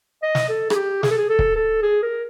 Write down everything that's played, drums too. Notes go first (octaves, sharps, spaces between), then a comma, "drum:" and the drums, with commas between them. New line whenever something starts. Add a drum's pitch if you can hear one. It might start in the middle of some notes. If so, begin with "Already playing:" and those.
D#5
drum: snare
A4
G#4, drum: rim click
G4
G#4, drum: snare
A4
G#4
A4
drum: kick
A4
G#4
A#4